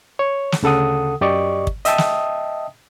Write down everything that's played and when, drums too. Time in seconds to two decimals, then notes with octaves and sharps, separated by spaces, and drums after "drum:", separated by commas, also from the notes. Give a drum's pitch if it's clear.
0.19 C#5
0.52 drum: snare
0.62 D2 C#3 A4 F#5 D#6
1.21 F#2 G4 D5 D#5 C#6
1.67 drum: kick
1.85 D#5 E5 G5 A5 D#6, drum: hi-hat
1.98 drum: snare